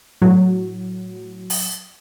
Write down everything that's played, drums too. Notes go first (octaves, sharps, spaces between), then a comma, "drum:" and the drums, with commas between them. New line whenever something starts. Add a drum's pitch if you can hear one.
A2 F#3
drum: open hi-hat